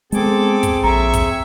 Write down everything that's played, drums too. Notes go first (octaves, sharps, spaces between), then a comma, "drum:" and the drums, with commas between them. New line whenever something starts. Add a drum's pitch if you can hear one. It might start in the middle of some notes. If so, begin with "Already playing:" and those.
G#3 B3 C4 G#4 A4 D6, drum: hi-hat
drum: kick, hi-hat
A#1 E5 A#5 C#6
drum: kick, hi-hat